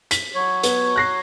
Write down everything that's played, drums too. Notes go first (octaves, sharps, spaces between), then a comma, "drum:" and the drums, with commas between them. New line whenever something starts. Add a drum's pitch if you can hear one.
B6, drum: hi-hat
F#3 C#5
B3, drum: hi-hat
F#6 A#6 C7